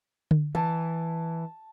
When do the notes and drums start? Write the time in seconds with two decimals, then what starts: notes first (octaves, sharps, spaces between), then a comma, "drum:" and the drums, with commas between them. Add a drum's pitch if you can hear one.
0.31 drum: tom D3
0.55 E3 A5